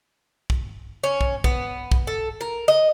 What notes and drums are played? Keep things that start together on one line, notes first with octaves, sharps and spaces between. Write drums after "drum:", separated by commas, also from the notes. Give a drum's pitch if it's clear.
drum: kick
C#4
drum: kick
B3, drum: kick
drum: kick
A4
A#4
D#5